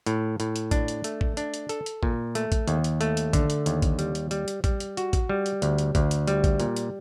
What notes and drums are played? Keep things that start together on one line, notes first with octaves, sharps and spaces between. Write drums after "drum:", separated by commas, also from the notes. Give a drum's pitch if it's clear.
A2, drum: hi-hat
A2, drum: hi-hat
drum: hi-hat
D4, drum: kick, hi-hat
drum: hi-hat
A3, drum: hi-hat
drum: kick
D4, drum: hi-hat
drum: hi-hat
A4, drum: hi-hat
drum: hi-hat
A#2, drum: kick
A3, drum: hi-hat
drum: kick, hi-hat
D#2, drum: hi-hat
drum: hi-hat
A3, drum: hi-hat
drum: hi-hat
D3, drum: kick, hi-hat
drum: hi-hat
D#2, drum: hi-hat
drum: kick, hi-hat
G3, drum: hi-hat
drum: hi-hat
G3, drum: hi-hat
drum: hi-hat
G3, drum: kick, hi-hat
drum: hi-hat
F#4, drum: hi-hat
drum: kick, hi-hat
G3
drum: hi-hat
D2, drum: hi-hat
drum: hi-hat
D2, drum: kick, hi-hat
drum: hi-hat
G3, drum: hi-hat
drum: kick, hi-hat
A#2, drum: hi-hat
drum: hi-hat